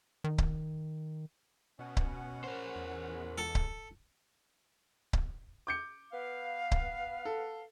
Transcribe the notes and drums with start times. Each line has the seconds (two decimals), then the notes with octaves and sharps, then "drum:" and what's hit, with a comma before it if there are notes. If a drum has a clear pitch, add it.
0.24 D#3
0.38 drum: kick C#1
1.79 B2 C#4 F#5
1.97 drum: kick C#1
2.44 A#4 C5
2.76 E2
3.38 A4
3.55 drum: kick C#1
5.13 drum: kick C#1
5.67 D6 G6 C#7
6.13 B3 B4 F5
6.71 drum: kick C#1
7.25 A4